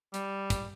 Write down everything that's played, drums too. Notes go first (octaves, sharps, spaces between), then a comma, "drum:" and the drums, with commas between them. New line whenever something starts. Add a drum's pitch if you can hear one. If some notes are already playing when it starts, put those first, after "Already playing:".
G3, drum: hi-hat
drum: kick, hi-hat